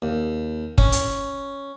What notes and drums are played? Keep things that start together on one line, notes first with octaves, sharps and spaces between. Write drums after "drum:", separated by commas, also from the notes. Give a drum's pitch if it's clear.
D#2
C#4, drum: kick
drum: hi-hat